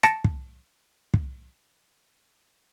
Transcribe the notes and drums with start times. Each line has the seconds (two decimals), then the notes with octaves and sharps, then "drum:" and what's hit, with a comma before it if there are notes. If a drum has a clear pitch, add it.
0.03 A5 A6 A#6 C#7 D7, drum: rim click
0.24 drum: kick
1.14 drum: kick